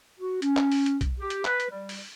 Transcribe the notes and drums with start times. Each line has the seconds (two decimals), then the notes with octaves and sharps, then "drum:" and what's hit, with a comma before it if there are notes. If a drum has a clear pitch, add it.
0.19 F#4
0.42 C#4, drum: hi-hat
0.57 drum: clap
0.72 drum: open hi-hat
0.86 drum: hi-hat
1.01 drum: kick B1, hi-hat
1.20 G4
1.30 drum: hi-hat
1.45 B4, drum: clap
1.60 drum: hi-hat
1.70 G3
1.89 drum: open hi-hat